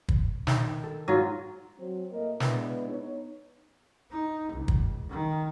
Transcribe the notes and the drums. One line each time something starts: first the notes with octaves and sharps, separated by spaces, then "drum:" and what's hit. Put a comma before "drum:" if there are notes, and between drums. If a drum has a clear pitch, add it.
drum: kick
D#3, drum: snare
A4
G#2 F#3 F4
F#3 C4
A2 A#3 A#4 D#5
G#3 B3 D4 E4 B4, drum: snare
B3 D#4 C#5
D#4
C#2
drum: kick
D#3